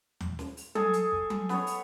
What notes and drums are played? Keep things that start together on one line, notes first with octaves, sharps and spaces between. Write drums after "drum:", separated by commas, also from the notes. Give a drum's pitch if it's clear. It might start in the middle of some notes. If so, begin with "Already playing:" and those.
drum: tom D#2
drum: snare
drum: open hi-hat
G#4 A4 G#5, drum: tom F#3
drum: hi-hat
drum: kick
drum: tom F#3
B3 C#5, drum: snare
drum: open hi-hat